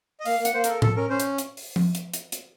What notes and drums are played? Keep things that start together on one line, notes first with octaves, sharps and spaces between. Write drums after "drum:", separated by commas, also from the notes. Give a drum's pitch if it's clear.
D#5
A#3 F5, drum: open hi-hat
A#3
F#5, drum: hi-hat
A#3 C5
A4 A#4, drum: hi-hat
A4, drum: tom A2
C#4 A#4
C#4 C5
drum: hi-hat
drum: hi-hat
drum: open hi-hat
drum: tom F3
drum: hi-hat
drum: hi-hat
drum: hi-hat